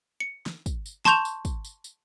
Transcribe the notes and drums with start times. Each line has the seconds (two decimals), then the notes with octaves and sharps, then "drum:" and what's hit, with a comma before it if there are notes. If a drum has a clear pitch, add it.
0.20 C#7
0.46 drum: snare
0.66 drum: kick, tambourine
0.86 drum: tambourine
1.05 A5 C6 C#6 G6 E7 F7, drum: snare
1.25 drum: tambourine
1.45 drum: kick, tambourine
1.65 drum: tambourine
1.84 drum: tambourine